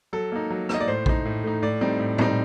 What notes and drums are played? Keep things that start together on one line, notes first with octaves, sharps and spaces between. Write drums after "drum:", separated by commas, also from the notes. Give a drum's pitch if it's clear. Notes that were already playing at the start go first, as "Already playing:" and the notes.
F#3 A4
A#3 D#4
F#3
A#3 D#4 D#5, drum: rim click
D5
A2 C5
A3 D#4, drum: kick A#1
A2
A3 D#4
A2 D5
G3 C4 D#4
A2
G3 C4 D#4, drum: tom A2